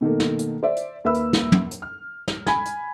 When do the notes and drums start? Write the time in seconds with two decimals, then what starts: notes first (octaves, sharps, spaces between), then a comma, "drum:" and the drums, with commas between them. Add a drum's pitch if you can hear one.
0.01 B2 D#3 A3 A#3
0.20 drum: snare
0.39 drum: hi-hat
0.63 C5 D5 E5
0.76 drum: hi-hat
1.04 D#2 A#3 B4 E5 B5 E6
1.14 drum: hi-hat
1.33 drum: snare
1.52 drum: tom
1.71 drum: hi-hat
1.82 F6
2.28 drum: snare
2.46 G#5 B5 G#6, drum: snare
2.65 drum: hi-hat